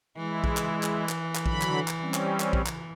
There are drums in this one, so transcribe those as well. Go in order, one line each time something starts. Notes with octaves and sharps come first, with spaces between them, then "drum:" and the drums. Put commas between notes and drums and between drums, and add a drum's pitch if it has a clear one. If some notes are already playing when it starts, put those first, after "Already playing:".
E3 G#3 E4
drum: kick A#1
drum: clap
drum: clap
drum: clap
drum: clap
D3 F#3 B5, drum: kick A#1
drum: clap
drum: clap
G3 C4 C#4
drum: clap
drum: clap
drum: kick A#1
drum: clap